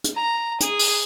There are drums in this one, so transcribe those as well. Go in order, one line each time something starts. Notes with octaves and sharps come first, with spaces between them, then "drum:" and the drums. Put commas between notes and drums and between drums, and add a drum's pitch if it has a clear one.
drum: hi-hat
A#5
G#4, drum: hi-hat
drum: open hi-hat